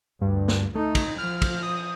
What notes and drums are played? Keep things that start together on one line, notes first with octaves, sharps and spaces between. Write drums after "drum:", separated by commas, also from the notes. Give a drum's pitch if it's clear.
D2 G2
drum: snare
A3 D#4
drum: kick, cymbal
F3 F6
drum: kick, cymbal
D#6